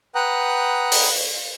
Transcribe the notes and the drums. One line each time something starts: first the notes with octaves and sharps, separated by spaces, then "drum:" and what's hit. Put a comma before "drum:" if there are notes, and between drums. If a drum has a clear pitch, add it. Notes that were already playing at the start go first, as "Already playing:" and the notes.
B4 F#5 G5 A#5 D#6 F#6
drum: open hi-hat